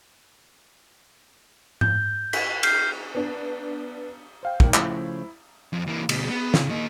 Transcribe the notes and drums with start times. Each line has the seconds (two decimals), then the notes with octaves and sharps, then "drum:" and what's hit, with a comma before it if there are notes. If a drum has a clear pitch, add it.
1.81 G6, drum: tom G#2
2.33 B6, drum: cymbal
2.63 F6 G6 C7, drum: cymbal
3.15 B3 D4
4.43 C5 F5 G5
4.60 A#2 D#3 F#3, drum: kick
4.74 C#3 F3 A3 E4, drum: clap
5.73 F2
5.88 E3 A#3
6.09 D2 B2, drum: cymbal
6.30 B3
6.54 C#3, drum: snare
6.70 A#3 D#5